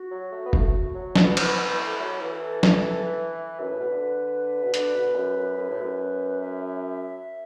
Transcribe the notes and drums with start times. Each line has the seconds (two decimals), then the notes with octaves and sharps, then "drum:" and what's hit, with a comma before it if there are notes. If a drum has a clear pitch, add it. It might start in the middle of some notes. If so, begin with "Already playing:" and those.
Already playing: F#4
0.11 F#3
0.32 A3
0.46 B3
0.53 A3, drum: kick
0.94 F#3
1.16 B3, drum: snare
1.37 B3 E4, drum: cymbal
1.58 B3
1.79 A3
2.00 F#3
2.21 E3 A4
2.30 B4
2.39 A4
2.63 A4, drum: snare
3.05 B4
3.60 F#2
3.70 A2
3.80 B2
3.90 D3
4.63 B2
4.74 D3, drum: hi-hat
4.95 B2
5.15 F#2
5.37 F#2
5.57 F#2
5.69 A2
5.81 F#2
6.41 E5